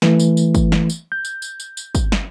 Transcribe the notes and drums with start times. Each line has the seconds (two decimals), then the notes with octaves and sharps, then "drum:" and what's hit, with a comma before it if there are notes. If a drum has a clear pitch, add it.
0.02 E3 A3, drum: snare
0.20 drum: tambourine
0.37 drum: tambourine
0.55 drum: kick, tambourine
0.72 drum: snare
0.90 drum: tambourine
1.12 G6
1.25 drum: tambourine
1.42 drum: tambourine
1.60 drum: tambourine
1.77 drum: tambourine
1.95 drum: kick, tambourine
2.12 drum: snare